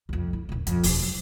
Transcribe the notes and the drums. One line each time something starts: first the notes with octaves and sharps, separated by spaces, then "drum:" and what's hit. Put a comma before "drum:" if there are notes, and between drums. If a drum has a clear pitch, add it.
C2 F2
E4
D#1 C4
F2, drum: hi-hat
E1 D4, drum: open hi-hat
E3 F#3